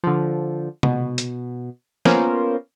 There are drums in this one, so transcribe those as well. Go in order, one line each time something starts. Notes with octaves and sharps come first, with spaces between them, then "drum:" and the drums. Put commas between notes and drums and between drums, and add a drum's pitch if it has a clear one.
D3 F3
B2, drum: tom C3
drum: hi-hat
A#3 B3 C#4 F4 A#4 C5, drum: snare